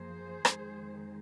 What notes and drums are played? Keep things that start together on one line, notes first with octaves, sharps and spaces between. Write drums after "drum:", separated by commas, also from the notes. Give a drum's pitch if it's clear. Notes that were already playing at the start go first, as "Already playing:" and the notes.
Already playing: F#2 F3 A#3 G#4 C5
F2 D#3 G#3, drum: rim click